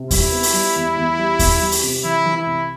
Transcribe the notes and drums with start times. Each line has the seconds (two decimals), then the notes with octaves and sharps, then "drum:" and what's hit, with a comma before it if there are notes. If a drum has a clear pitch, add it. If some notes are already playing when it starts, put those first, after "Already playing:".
Already playing: C3
0.11 G3 E4, drum: kick D#2, open hi-hat
0.32 B3
0.43 drum: open hi-hat
0.53 G3
0.76 E2
0.97 E2
1.18 G3
1.39 E2, drum: kick D#2, open hi-hat
1.61 G3
1.72 drum: open hi-hat
1.83 C3
2.04 E3 E4
2.26 E3
2.37 E4
2.46 C2